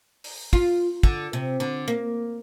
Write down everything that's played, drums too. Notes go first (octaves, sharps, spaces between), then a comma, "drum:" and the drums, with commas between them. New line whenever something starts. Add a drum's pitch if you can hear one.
drum: open hi-hat
F4, drum: kick
D3, drum: kick
C3
D3
A#3